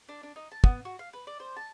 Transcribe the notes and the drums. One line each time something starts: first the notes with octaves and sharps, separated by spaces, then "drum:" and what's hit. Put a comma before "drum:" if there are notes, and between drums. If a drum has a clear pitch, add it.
D4
D4
D#4
A5
B3, drum: kick
F#4
F5
B4
D5
C5
A5